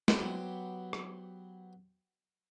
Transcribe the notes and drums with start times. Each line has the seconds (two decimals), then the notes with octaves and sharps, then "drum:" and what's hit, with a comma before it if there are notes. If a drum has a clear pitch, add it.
0.08 F#3 B3 G4 C5 G5, drum: snare
0.93 drum: rim click